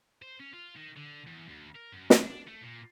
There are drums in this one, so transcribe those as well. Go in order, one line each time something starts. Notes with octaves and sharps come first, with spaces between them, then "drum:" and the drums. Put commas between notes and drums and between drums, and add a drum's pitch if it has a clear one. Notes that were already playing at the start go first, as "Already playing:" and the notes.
C5
C#4
F4
D#3
D3
E2
D2
A#4
F#2
drum: snare
D4
A3
A#2